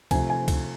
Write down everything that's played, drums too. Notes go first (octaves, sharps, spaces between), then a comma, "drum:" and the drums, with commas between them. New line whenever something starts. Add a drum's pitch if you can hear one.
C3 F3 A3 G#5, drum: kick C#2, cymbal
G#5
drum: kick C#2, cymbal